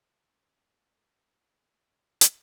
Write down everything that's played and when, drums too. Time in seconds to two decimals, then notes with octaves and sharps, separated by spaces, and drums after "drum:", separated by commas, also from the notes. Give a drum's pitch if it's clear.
0.22 G1 E2 G2 C#3
2.21 drum: hi-hat